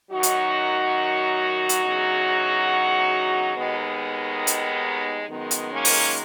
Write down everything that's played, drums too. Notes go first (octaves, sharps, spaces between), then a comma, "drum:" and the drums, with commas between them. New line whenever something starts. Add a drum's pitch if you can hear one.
F#2 D#3 F#3 D#4 F#4
drum: hi-hat
drum: hi-hat
E2 C#3 F#3
D#2 D#3 G#3 B3 D#4
drum: hi-hat
F#2 D#3 G#3 B3
drum: hi-hat
A#3 C#4
drum: open hi-hat